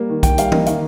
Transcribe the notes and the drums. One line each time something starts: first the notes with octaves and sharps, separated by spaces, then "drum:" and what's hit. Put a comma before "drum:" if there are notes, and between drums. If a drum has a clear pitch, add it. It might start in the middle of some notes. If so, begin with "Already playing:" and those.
Already playing: G3 A#3
D#3
D#3 G5, drum: kick B1, hi-hat
G3 F5, drum: hi-hat
A#3 D#5, drum: tom
D#3 F5, drum: hi-hat